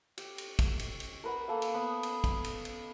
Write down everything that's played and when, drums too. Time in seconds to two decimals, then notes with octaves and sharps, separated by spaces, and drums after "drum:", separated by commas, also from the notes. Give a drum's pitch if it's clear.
0.18 G4, drum: cymbal
0.38 drum: cymbal
0.59 drum: kick, cymbal
0.79 drum: cymbal
1.00 drum: cymbal
1.24 A#4 B4 F#5
1.48 A#3 A4 F5
1.62 drum: cymbal
1.74 B3 B4 D#6
2.03 drum: cymbal
2.24 drum: kick, cymbal
2.44 drum: cymbal
2.65 drum: cymbal